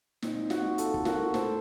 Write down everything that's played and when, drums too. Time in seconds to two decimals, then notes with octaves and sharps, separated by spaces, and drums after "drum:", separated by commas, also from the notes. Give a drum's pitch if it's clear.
0.22 A#2 C4 D#4, drum: snare
0.50 D#4 F#4, drum: snare
0.78 F4 A4, drum: hi-hat
0.94 A4, drum: kick
1.05 F#4 A#4, drum: snare
1.34 A2 A4 C5, drum: snare